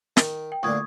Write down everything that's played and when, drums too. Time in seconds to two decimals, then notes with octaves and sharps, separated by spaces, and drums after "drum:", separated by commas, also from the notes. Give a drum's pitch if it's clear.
0.17 D#3, drum: snare
0.52 G5
0.63 D2 A#2 D3 C#6 D#6 G#6